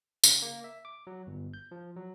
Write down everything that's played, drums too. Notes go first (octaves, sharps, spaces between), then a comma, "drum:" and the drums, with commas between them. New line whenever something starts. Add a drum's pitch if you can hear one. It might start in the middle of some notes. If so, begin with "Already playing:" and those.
C#3, drum: tambourine
A#3
E5
D6
F#3
G1
G6
F3
F#3